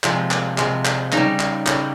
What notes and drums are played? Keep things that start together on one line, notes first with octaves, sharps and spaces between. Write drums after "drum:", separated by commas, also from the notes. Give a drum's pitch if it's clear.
C3 F3 G#3, drum: clap
drum: clap
C3 F3 G#3, drum: clap
drum: clap
C#3 G3 D#4, drum: clap
drum: clap
C#3 G3, drum: clap